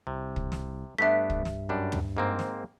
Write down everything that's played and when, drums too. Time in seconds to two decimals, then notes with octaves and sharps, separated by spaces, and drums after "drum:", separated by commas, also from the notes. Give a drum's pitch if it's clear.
0.07 C2 C3
0.36 drum: kick
0.52 drum: snare
0.98 G2 A3 B3 D4 E5 B6
1.30 drum: kick
1.45 drum: snare
1.69 F#2 G3 D4
1.92 drum: tom
2.17 G#2 A#3 C4
2.39 drum: snare